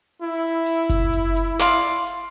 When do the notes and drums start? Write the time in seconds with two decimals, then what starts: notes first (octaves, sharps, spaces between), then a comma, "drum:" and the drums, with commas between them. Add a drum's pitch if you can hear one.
0.22 E4
0.66 drum: hi-hat
0.89 drum: kick F#1, hi-hat
1.13 drum: hi-hat
1.36 drum: hi-hat
1.60 D5 F5 C6, drum: snare
2.06 drum: hi-hat